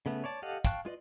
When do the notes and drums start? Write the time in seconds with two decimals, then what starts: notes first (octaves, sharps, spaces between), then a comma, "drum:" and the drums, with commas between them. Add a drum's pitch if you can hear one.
0.06 C#3 A3 B3
0.24 C#5 D5 A5
0.42 G4 A4 D#5 F5 F#5
0.65 F5 G5 A5 C#6 F#6, drum: kick, hi-hat
0.85 G#3 F4 B4 D5 D#5